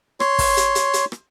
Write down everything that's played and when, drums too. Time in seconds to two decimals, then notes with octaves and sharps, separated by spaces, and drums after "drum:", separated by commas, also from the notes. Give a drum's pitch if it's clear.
0.20 C#5 C6, drum: rim click
0.39 drum: kick, open hi-hat
0.57 drum: hi-hat
0.75 drum: hi-hat
0.93 drum: hi-hat
1.12 drum: rim click